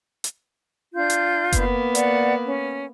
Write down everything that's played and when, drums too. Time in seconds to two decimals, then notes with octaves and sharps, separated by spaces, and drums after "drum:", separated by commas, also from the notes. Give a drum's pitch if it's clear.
0.24 drum: hi-hat
0.94 D4 F4 G6
1.10 drum: hi-hat
1.52 A#3 B3, drum: kick F#1, hi-hat
1.95 D5 F#5, drum: hi-hat
2.45 C#4